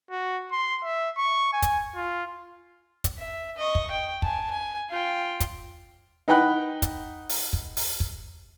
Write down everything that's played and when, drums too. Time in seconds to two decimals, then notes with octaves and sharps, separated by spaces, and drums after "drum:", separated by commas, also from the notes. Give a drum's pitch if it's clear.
0.11 F#4
0.52 C6
0.84 E5
1.17 C#6
1.53 G#5
1.62 drum: kick, hi-hat
1.96 F4
3.04 drum: kick, hi-hat
3.18 E5
3.57 D#5 C#6
3.75 drum: kick
3.91 G5
4.22 G#5 A5, drum: kick
4.51 G#5
4.90 F4 G5
5.40 drum: kick, hi-hat
6.28 D#4 B4 F#5 G5 B5 F#6
6.82 drum: kick, hi-hat
7.29 drum: open hi-hat
7.53 drum: kick
7.77 drum: open hi-hat
8.00 drum: kick